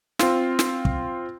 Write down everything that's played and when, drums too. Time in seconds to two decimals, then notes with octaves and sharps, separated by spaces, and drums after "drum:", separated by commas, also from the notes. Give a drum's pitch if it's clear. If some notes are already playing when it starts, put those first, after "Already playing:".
0.19 C4 F4, drum: snare
0.59 drum: snare
0.85 drum: kick